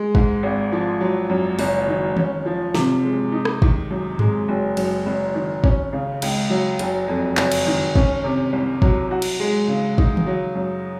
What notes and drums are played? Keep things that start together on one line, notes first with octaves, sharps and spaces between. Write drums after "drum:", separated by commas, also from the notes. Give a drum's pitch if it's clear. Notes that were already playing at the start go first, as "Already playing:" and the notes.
Already playing: G#3
G#2, drum: kick
G#1
F3
F#3
F#2
F#1, drum: open hi-hat
D#3
C#4, drum: tom D#3
F3
C3, drum: snare
G#3
D#4
drum: rim click
D#3, drum: kick
F#2
G#3, drum: tom G2
F#1
F#2, drum: cymbal
F#1
D#3
C#4, drum: kick
C#3
C#2, drum: cymbal
F#3
F#1, drum: hi-hat
F2
F#1, drum: clap
drum: cymbal
D#3
C#4, drum: kick
C3
C2
F#3, drum: kick
F#4
drum: cymbal
G#3
C#3
D#4, drum: kick
drum: tom D#3
F#3
F#2